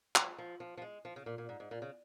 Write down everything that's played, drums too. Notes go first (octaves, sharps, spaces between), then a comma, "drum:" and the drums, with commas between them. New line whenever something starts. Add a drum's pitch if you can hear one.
F3, drum: clap
F3
F3
F3
G#3
F3
C#3
A#2
A#2
G#2
G#2
A#2
C#3